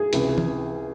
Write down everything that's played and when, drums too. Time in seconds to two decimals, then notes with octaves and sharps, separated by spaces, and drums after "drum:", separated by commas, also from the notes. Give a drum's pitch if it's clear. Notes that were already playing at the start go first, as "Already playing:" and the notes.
Already playing: G#4
0.13 C#2 C3 E3, drum: hi-hat
0.38 drum: tom